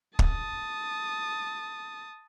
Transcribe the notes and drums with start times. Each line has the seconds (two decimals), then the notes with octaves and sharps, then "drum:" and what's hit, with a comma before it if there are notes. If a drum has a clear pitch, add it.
0.19 A5 D#6, drum: kick